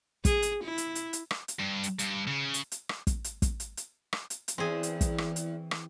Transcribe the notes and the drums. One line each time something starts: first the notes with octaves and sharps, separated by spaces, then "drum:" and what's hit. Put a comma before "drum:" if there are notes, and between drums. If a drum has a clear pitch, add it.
G#4, drum: kick, hi-hat
drum: hi-hat
E4
drum: hi-hat
drum: hi-hat
drum: hi-hat
drum: rim click
drum: hi-hat
G2
drum: hi-hat
G2, drum: hi-hat
C#3
drum: hi-hat
drum: hi-hat
drum: rim click
drum: kick, hi-hat
drum: hi-hat
drum: kick, hi-hat
drum: hi-hat
drum: hi-hat
drum: rim click
drum: hi-hat
drum: hi-hat
E2 E3 C4 G#4
drum: hi-hat
drum: kick, hi-hat
drum: rim click
drum: hi-hat
drum: rim click